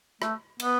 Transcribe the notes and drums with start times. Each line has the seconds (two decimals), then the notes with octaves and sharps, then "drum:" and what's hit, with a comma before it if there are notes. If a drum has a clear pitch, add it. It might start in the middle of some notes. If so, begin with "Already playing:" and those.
0.22 A3, drum: rim click
0.60 B3, drum: cymbal